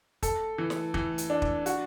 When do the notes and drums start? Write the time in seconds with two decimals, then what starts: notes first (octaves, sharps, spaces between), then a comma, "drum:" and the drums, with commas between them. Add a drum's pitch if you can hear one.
0.23 A4, drum: kick, hi-hat
0.58 E3
0.70 drum: snare
0.94 E3, drum: kick
1.18 drum: hi-hat
1.30 D4
1.42 drum: kick
1.66 F#4, drum: hi-hat